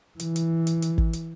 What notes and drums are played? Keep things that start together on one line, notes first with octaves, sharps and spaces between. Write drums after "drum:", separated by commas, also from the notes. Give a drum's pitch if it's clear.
E3, drum: hi-hat
drum: hi-hat
drum: hi-hat
drum: hi-hat
drum: kick
drum: hi-hat